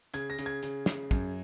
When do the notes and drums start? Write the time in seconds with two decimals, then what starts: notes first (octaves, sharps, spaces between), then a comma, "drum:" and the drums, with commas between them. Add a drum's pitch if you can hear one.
0.14 C#3 G#6, drum: hi-hat
0.30 A#6
0.39 C#3, drum: hi-hat
0.46 G#6
0.63 C#3, drum: hi-hat
0.86 C#3, drum: snare
1.11 F#2, drum: kick, hi-hat